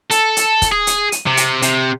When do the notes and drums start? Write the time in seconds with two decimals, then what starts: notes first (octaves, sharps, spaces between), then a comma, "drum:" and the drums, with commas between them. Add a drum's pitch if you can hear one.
0.11 A4, drum: hi-hat
0.37 drum: hi-hat
0.62 drum: kick, hi-hat
0.72 G#4
0.87 drum: hi-hat
1.12 drum: hi-hat
1.27 C3
1.37 drum: hi-hat
1.62 C3, drum: hi-hat